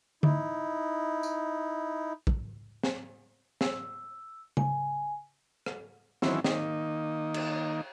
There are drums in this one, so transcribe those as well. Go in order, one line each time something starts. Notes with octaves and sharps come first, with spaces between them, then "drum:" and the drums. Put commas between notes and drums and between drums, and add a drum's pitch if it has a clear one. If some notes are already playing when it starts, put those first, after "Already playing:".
D#4 E4, drum: tom D3
drum: tambourine
drum: kick
drum: snare
E6, drum: snare
G#5, drum: tom C#3
drum: rim click
D#3 E3 F#3 C4 C#4 E4, drum: snare
D#3 A#3 D#4, drum: snare
drum: cymbal